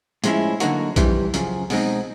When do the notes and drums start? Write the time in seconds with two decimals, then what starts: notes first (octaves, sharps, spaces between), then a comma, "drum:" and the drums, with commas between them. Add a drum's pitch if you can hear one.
0.24 A2 F3 G#3 C#4 E4, drum: hi-hat
0.60 D3 F#3 A#3 D#4 F#4, drum: hi-hat
0.96 F2 C3 E3 G3, drum: kick A#1, hi-hat
1.34 F#2 C#3 F3, drum: hi-hat
1.70 B2 G#3 C4 D#4, drum: open hi-hat